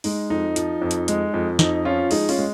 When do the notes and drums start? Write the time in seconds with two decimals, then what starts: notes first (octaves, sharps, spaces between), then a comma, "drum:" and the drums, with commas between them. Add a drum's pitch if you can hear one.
0.04 G#3 D#4, drum: open hi-hat
0.30 F2 D#4
0.56 F3, drum: hi-hat
0.82 F2
0.91 drum: hi-hat
1.08 G#3, drum: hi-hat
1.34 F2
1.59 F2 D#4, drum: snare
1.85 F3 C#4 F4
2.11 G#3 D#4 G#4, drum: open hi-hat
2.29 C#4 F4, drum: open hi-hat
2.38 G#3